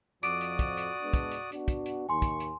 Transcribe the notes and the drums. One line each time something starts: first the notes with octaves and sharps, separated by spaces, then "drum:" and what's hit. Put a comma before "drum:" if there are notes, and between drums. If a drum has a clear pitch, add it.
F2 F3 F#4 D5 D6 D#6 D7, drum: hi-hat
drum: hi-hat
drum: kick, hi-hat
drum: hi-hat
G#3 B3 D4
drum: kick, hi-hat
drum: hi-hat
B3 D4 F#4, drum: hi-hat
drum: kick, hi-hat
drum: hi-hat
D#2 G#5 C6 C#6
drum: kick, hi-hat
drum: hi-hat